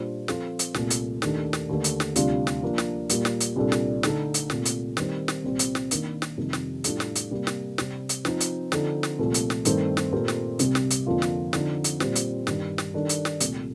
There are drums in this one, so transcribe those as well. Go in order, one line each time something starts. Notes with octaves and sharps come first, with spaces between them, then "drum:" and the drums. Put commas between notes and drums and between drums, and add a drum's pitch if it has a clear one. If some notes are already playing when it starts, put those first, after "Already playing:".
Already playing: A#2 G3 D4 F4 C5
F3 C4 F4 A4, drum: snare
drum: hi-hat
C2 A#2 A3, drum: snare
drum: hi-hat
D#2 D#3 A3 D4, drum: snare
drum: snare
D#2 D3 A3
drum: hi-hat
drum: snare
D2 C3 G3 D4 F4, drum: hi-hat
drum: snare
F3 A#3 D4
drum: snare
A#2 G3 A#3, drum: hi-hat
drum: snare
drum: hi-hat
C2 A#2 G3 D4 A4
drum: snare
D3 A3 D#4 A4, drum: snare
drum: hi-hat
C2 A#2 A3, drum: snare
drum: hi-hat
D#3 G3 C4, drum: snare
drum: snare
C2 A#2 G3 C4
drum: hi-hat
drum: snare
D#3 A#3 D4, drum: hi-hat
drum: snare
F2 C3 D#3 G3
drum: snare
A2 G3 D4 F4 A4, drum: hi-hat
drum: snare
drum: hi-hat
C3 G3 A#3
drum: snare
C3 G3 C4, drum: snare
drum: hi-hat
F3 C4 D#4, drum: snare
drum: hi-hat
D3 F3 C4 D#4 A4, drum: snare
drum: snare
C2 A#2 F3 A3
drum: hi-hat
drum: snare
G2 D#3 A3 C4 G4, drum: hi-hat
drum: snare
A#2 A3 C4 G4 A#4
drum: snare
C2 C3 G3, drum: hi-hat
drum: snare
drum: hi-hat
F2 D3 F3 A#3 F4
drum: snare
D3 F3 C4 D#4, drum: snare
drum: hi-hat
A#2 G3 C4, drum: snare
drum: hi-hat
G2 D#3 G3, drum: snare
drum: snare
D#3 G3 D4 A4
drum: hi-hat
drum: snare
C2 A#2 A3, drum: hi-hat